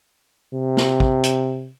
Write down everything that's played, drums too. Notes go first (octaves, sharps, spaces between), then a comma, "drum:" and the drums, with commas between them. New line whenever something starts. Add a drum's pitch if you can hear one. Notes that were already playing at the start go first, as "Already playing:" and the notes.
C3
drum: snare
drum: kick
drum: hi-hat